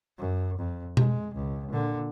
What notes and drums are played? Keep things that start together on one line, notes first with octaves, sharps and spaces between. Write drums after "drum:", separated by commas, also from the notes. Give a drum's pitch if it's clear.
F#2
F2
G#3, drum: tom B2
C#2
A#2 D3